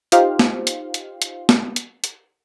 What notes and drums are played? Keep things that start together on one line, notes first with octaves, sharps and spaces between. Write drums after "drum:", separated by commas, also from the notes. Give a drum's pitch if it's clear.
D#4 F4 G4 C5 F5, drum: hi-hat
drum: snare
drum: hi-hat
drum: hi-hat
drum: hi-hat
drum: snare
drum: hi-hat
drum: hi-hat